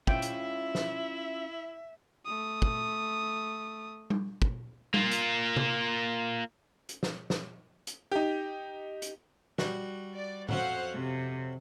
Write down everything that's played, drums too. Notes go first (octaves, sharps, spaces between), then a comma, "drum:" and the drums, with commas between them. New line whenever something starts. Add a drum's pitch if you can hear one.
C#4 E4 F4 E5 G5, drum: kick
drum: hi-hat
drum: snare
A3 D#6
drum: kick
drum: tom G3
drum: kick
A#3 F4, drum: tom G3
drum: hi-hat
drum: tom C3
drum: hi-hat
drum: snare
drum: snare
drum: hi-hat
D#4 G4
drum: hi-hat
G3 F#4, drum: snare
D5
F2 F#3 C#4 C5 F5 F#5, drum: tom A2
C3